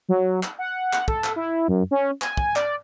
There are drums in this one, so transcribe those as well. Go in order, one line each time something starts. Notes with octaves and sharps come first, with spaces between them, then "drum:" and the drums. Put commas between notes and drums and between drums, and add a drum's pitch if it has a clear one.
F#3
drum: clap
F#5
F#5, drum: clap
A4, drum: kick
drum: clap
E4
F#2
C#4
G#5, drum: clap
drum: kick
D5, drum: clap